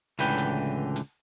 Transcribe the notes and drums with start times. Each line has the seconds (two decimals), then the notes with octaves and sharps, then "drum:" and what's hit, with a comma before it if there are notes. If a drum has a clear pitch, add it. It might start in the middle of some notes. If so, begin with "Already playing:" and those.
0.19 C#2 A2 D3 E3 B4 G5, drum: hi-hat
0.38 drum: hi-hat
0.96 drum: hi-hat